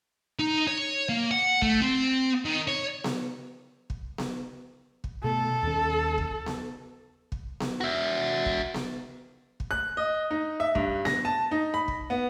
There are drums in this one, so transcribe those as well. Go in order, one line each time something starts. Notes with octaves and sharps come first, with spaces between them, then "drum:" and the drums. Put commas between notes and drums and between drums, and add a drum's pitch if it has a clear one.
D#4
C#5
A#3
F#5
A3, drum: kick
C4
D#3
C#5
drum: snare B3
drum: kick
drum: snare B3
drum: kick
B2 A3 A4
D#2 C#4
drum: kick
drum: snare B3
drum: kick
drum: snare B3
F#4 E5
drum: kick
drum: snare B3
drum: kick
F#6
D#5
D#4
E5
G2, drum: kick
A#6, drum: snare B3
A5
D#4
B5
drum: kick
B3